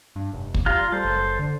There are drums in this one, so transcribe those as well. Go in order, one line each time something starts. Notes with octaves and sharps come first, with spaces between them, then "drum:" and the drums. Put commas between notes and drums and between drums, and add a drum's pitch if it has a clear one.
G2
F1
drum: kick
G3 F4 F5 A#5
G3 A4 C5
F#1
D3